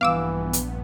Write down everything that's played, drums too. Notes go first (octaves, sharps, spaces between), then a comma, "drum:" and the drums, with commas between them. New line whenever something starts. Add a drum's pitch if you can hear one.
A#1 G2 E3 B3 F5 D6 E6
drum: hi-hat